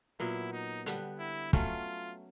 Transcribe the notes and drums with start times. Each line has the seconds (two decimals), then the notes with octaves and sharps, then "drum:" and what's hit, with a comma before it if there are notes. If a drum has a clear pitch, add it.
0.20 A#2 F#3 B3 E4
0.53 D#4
0.86 D3 G3 B3, drum: hi-hat
1.20 E4
1.53 F#3 A3 C#4 F4, drum: kick